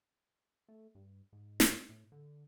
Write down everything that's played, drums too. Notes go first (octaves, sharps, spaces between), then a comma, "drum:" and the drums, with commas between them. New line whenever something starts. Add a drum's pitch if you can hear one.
A3
G2
G#2
drum: snare
A2
D3